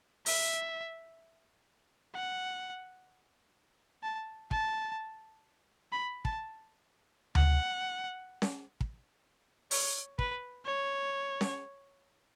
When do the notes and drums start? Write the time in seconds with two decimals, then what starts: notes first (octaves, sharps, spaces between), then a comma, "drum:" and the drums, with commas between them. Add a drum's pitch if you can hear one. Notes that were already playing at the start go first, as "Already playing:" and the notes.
0.26 E5, drum: open hi-hat
2.14 F#5
4.03 A5
4.51 A5, drum: kick
5.92 B5
6.25 A5, drum: kick
7.35 F#5, drum: tom D2
8.42 drum: snare C#4
8.81 drum: kick
9.71 C#5, drum: open hi-hat
10.19 B4, drum: kick
10.65 C#5
11.41 drum: snare C#4